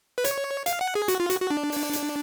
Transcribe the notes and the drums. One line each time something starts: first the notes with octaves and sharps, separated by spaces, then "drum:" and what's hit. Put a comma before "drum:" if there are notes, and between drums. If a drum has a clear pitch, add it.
B4
C#5, drum: hi-hat
F5, drum: hi-hat
F#5
G#4
F#4, drum: hi-hat
F4
F#4, drum: hi-hat
F#4
D4
drum: open hi-hat
drum: hi-hat